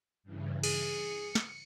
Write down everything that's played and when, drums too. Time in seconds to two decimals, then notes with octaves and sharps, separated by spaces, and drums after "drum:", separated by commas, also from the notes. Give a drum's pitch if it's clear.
0.23 G2 C#3 E3
0.64 G#4 C#7, drum: cymbal
1.35 drum: snare